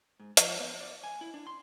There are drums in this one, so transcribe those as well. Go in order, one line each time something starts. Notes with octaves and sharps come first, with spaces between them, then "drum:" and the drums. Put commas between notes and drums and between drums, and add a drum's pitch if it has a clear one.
G#2
F3, drum: hi-hat
B3
D5
G#5
E4
D4
C6